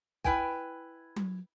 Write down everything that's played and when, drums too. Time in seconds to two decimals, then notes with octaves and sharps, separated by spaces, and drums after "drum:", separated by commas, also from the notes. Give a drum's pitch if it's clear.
0.24 E4 B4 G5 G#5, drum: kick
1.16 drum: tom F#3